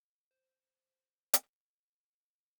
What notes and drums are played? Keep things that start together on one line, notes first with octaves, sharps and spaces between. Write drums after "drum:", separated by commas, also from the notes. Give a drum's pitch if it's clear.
C5
drum: hi-hat